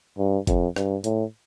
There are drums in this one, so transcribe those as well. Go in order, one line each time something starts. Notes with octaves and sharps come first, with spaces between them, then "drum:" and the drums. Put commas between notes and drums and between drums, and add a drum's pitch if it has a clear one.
G2
F2, drum: kick G1, hi-hat
G2, drum: rim click
A2, drum: hi-hat